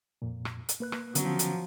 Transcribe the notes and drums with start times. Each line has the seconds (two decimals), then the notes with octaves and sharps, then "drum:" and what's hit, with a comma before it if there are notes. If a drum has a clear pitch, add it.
0.22 F2 A#2
0.45 drum: rim click
0.69 drum: hi-hat
0.80 A#3 B4 F#6
0.92 drum: rim click
1.15 D3 F3 F#3 B3 C#4, drum: hi-hat
1.39 drum: hi-hat